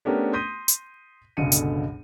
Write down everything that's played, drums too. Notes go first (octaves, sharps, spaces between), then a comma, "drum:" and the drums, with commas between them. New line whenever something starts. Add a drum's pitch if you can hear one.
A3 B3 C#4 D4 G4 A#4
C6 D#6 G6 A#6 B6 D#7
drum: hi-hat
G1 C#2 B2 D3 C#7 D#7
drum: hi-hat